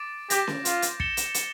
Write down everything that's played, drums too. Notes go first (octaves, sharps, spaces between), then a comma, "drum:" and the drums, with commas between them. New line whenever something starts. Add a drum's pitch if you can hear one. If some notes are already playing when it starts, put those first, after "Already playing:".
Already playing: D6 A6 D7
G4 D6 G6 A#6, drum: hi-hat
drum: snare C#4
F4, drum: hi-hat
drum: hi-hat
A6 C#7 E7 G7, drum: kick
drum: hi-hat
drum: hi-hat